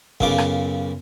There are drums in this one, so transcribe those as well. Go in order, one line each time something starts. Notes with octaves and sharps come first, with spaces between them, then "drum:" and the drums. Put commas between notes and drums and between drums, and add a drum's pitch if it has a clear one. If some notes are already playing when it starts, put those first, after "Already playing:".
B1 F#2 C#3 F4 D6, drum: kick
drum: rim click